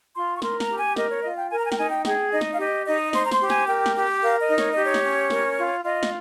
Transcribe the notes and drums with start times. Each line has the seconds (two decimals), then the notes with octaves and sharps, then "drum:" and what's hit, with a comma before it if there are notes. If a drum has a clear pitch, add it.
0.15 F4 C6
0.37 C#6
0.42 A#4 C6, drum: snare
0.60 A#5, drum: snare
0.69 G4
0.78 G#5
0.96 A#4 D#5, drum: snare
1.10 C#5
1.23 F4 D#5
1.37 G5
1.50 A#4 G#5
1.59 A#5
1.64 G#5
1.72 G5, drum: snare
1.77 D#4 G#5
1.92 G5
2.05 G#4 G5, drum: snare
2.32 D#4 D#5
2.41 drum: snare
2.53 F5
2.59 G4 D#5
2.86 D#4 D#5
3.13 C5 C6, drum: snare
3.25 A#5
3.31 C6, drum: snare
3.40 G4
3.50 G#5, drum: snare
3.68 A#4 G5
3.86 drum: snare
3.95 G4
4.22 A#4 F5
4.40 D#5
4.49 D#4
4.58 C#5, drum: snare
4.71 G4 D#5
4.84 C#5
4.94 drum: snare
5.03 C#4
5.30 A#4, drum: snare
5.58 F4
5.85 F4 D#5
6.03 drum: snare